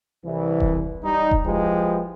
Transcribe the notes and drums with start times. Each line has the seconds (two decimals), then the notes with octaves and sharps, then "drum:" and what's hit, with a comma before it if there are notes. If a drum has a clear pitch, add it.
0.25 C2 E3
0.60 drum: kick E1
1.03 G3 D#4
1.31 drum: kick E1
1.46 F3 G#3 E4 G4 B4